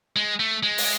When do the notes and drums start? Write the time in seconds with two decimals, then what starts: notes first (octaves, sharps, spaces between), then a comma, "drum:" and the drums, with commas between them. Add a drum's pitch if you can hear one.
0.16 G#3
0.40 A3
0.63 G#3
0.78 drum: open hi-hat